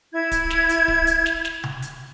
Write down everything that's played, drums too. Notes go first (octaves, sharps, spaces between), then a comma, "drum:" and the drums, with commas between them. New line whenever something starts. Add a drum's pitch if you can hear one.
E4 G#6
drum: kick D1, hi-hat
drum: snare
drum: hi-hat
drum: kick D1
drum: hi-hat
drum: snare
drum: snare
drum: tom C3
drum: hi-hat